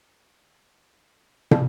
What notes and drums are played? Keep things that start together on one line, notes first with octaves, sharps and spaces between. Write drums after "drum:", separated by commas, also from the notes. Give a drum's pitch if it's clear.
D#3 E3 A#3 C4
drum: tom